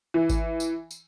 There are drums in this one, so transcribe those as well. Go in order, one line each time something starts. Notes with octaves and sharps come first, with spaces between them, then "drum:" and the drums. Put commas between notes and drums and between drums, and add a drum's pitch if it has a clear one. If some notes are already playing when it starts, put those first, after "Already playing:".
E3
drum: kick G#1, tambourine
drum: tambourine
drum: tambourine